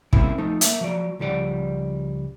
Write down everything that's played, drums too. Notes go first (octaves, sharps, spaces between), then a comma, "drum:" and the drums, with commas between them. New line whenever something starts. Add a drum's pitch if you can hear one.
B2 G3 A#3 C4 C#4 E4, drum: kick
F3 A3 D#4
A#3 E5, drum: hi-hat
F3 F#3 D5
C#2 F3 G3 D5 F#5